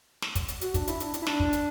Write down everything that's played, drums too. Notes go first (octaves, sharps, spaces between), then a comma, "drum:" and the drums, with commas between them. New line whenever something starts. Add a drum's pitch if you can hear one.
drum: snare
drum: kick, hi-hat
drum: hi-hat
F#4, drum: hi-hat
D4, drum: kick, hi-hat
E4, drum: hi-hat
D4, drum: hi-hat
D4, drum: hi-hat
E4
D4, drum: snare
drum: kick
drum: hi-hat